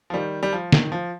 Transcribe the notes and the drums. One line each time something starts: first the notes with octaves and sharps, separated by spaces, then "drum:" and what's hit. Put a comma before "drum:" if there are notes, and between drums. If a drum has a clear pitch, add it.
F3
D#3 G3
G3
F3
D#3, drum: snare
F3